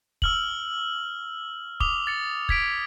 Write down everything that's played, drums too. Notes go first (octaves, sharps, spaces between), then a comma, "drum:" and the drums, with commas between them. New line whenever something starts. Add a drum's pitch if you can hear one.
E6 F6 F#7, drum: kick
D6 D#6 F7 G7, drum: kick
A6 C#7
G#6 B6 D7, drum: kick